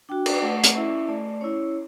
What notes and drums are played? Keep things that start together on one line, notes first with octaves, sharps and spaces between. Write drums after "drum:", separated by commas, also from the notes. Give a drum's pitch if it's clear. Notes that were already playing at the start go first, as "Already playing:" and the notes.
D4 F#4 G5
G5, drum: cymbal
A3 F#5
drum: hi-hat
C#4 E4 E5
A3 D5
C#4 E4 C#5